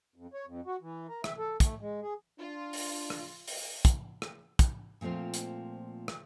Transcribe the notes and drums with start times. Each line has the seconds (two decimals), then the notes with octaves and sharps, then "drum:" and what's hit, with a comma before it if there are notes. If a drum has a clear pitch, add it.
0.16 F2
0.34 C#5
0.46 F2
0.66 F#4
0.81 E3
1.08 A#4
1.24 E5, drum: rim click
1.38 A4
1.60 A3, drum: kick, hi-hat
1.81 G#3
2.02 G#4
2.39 D4 F4
2.73 drum: open hi-hat
3.10 drum: rim click
3.48 drum: open hi-hat
3.85 drum: kick, hi-hat
4.22 drum: rim click
4.59 drum: kick, hi-hat
5.01 A#2 F3 A3 C4 F4
5.34 drum: hi-hat
6.08 drum: rim click